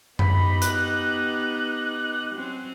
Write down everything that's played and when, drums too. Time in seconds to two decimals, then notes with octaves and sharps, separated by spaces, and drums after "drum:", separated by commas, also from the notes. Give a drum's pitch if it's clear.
0.19 B3 D#4 G4 B5, drum: tom F#2
0.62 F#6, drum: hi-hat
2.33 F#3 C4 C#4